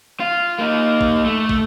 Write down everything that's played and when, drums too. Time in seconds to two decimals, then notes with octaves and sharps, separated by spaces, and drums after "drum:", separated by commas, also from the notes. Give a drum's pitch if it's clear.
0.20 F4
0.59 A#3 D#4
1.01 drum: kick
1.25 A3
1.49 drum: kick